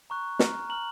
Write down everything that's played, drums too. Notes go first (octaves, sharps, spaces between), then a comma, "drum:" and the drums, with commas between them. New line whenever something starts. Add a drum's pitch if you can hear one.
A#5 C#6 F#6
A#5 F6, drum: snare
A#5 F6 F#7